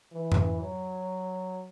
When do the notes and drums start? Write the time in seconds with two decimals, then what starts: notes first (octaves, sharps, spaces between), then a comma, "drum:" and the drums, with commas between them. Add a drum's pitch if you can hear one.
0.13 E3
0.32 drum: tom F2
0.60 F#3